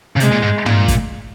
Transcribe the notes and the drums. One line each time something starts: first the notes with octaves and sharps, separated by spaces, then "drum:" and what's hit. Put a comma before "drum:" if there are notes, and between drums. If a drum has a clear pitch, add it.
C#3
C3 G#3, drum: hi-hat
A#2
G#2
A#2, drum: tom
drum: kick, hi-hat